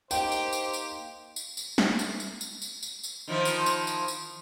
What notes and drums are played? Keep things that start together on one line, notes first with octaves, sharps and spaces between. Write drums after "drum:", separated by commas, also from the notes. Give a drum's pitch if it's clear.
A#3 D#4 G4 C5 G5, drum: tambourine
drum: tambourine
drum: tambourine
drum: tambourine
drum: tambourine
drum: tambourine
drum: snare
drum: tambourine
drum: tambourine
drum: tambourine
drum: tambourine
drum: tambourine
drum: tambourine
D#3 F3 E4
drum: tambourine
drum: tambourine
drum: tambourine
drum: tambourine